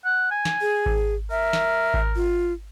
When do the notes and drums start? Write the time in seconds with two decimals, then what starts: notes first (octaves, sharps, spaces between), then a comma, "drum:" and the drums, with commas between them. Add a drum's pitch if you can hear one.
0.05 F#5
0.31 G#5
0.45 drum: snare
0.61 G#4
0.86 drum: kick G#1
1.31 A#4 E5
1.53 drum: snare
1.94 drum: kick G#1
2.16 F4